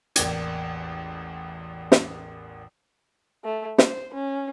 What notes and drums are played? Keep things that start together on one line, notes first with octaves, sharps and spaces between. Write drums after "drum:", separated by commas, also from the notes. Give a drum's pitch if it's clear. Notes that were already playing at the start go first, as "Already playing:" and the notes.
A1 E2 A#3 D5 G5 G#6, drum: hi-hat
drum: snare
A3
C5, drum: snare
C#4